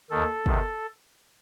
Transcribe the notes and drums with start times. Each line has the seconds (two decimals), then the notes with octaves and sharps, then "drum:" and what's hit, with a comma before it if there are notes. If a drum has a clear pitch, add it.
0.10 D#2 D#3 A4
0.46 E2 C3 D#3, drum: kick